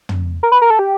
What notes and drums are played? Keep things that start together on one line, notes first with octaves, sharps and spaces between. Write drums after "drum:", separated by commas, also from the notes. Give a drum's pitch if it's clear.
drum: tom
A#4
B4
A#4
A4
G4